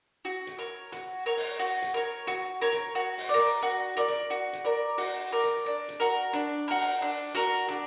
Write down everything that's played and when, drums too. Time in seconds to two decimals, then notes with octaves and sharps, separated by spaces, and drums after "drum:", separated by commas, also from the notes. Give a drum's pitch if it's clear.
0.25 F#4
0.47 drum: hi-hat
0.58 A#4 C#5
0.92 F#4, drum: hi-hat
1.26 A#4 C#5
1.37 drum: open hi-hat
1.59 F#4
1.82 drum: hi-hat
1.94 A#4 C#5
2.27 F#4, drum: hi-hat
2.61 A#4 C#5
2.73 drum: hi-hat
2.95 F#4
3.18 drum: open hi-hat
3.29 A#4 D5
3.63 F#4
3.97 A#4 D5
4.08 drum: hi-hat
4.30 F#4
4.53 drum: hi-hat
4.65 A#4 D5
4.98 F#4, drum: open hi-hat
5.32 A#4 D5
5.43 drum: hi-hat
5.66 D4
5.89 drum: hi-hat
6.00 F#4 A#4
6.33 D4, drum: hi-hat
6.68 F#4 A#4
6.79 drum: open hi-hat
7.02 D4
7.35 F#4 A#4
7.69 D4, drum: hi-hat